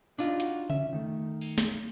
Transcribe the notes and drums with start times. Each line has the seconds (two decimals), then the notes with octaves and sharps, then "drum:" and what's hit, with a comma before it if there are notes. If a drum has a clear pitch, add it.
0.19 D4 D#4 F4, drum: tambourine
0.40 F#4, drum: hi-hat
0.70 C#4 E5, drum: tom C#3
0.93 D#3 A3
1.41 drum: cymbal
1.58 drum: snare